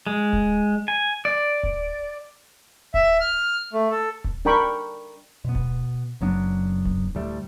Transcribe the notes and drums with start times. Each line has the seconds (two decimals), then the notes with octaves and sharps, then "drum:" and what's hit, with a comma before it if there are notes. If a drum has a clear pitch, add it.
0.07 G#3
0.33 drum: kick D1
0.88 G#5
1.25 D5
1.64 drum: kick D1
2.94 E5, drum: kick D1
3.20 F6
3.73 A3
3.90 A4
4.25 drum: kick D1
4.45 D4 A#4 G5 B5 C#6
5.45 B2 B3
5.55 drum: kick D1
6.21 F#1 F#3 B3 D4
6.86 drum: kick D1
7.15 D2 A2 G3 A3